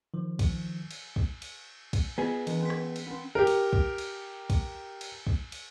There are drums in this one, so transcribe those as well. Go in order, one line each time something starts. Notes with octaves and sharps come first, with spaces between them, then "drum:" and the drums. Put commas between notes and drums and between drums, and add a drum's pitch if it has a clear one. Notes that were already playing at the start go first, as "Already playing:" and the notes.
D#3 F3
drum: kick, cymbal
drum: cymbal
drum: kick
drum: cymbal
drum: kick, cymbal
B3 F4 G#4 B4
E3, drum: cymbal
C#4 B6
drum: rim click
drum: cymbal
C4 C#4
G4 A#4
drum: cymbal
drum: kick
drum: cymbal
drum: kick, cymbal
drum: cymbal
drum: kick
drum: cymbal